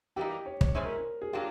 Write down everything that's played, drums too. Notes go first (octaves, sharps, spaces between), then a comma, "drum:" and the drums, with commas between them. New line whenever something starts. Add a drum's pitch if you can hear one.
E3 G3 A#3 D#4 G4
C#5
C#5, drum: kick
B2 G#3 C#4 E4 C5
A#4
G#4
F#3 A#3 D4 F4 G4